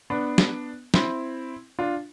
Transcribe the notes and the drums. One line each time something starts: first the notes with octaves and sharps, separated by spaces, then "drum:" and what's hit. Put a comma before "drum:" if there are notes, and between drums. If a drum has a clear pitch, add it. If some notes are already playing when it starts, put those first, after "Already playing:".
B3 D4
drum: snare
C4 E4, drum: snare
D4 F4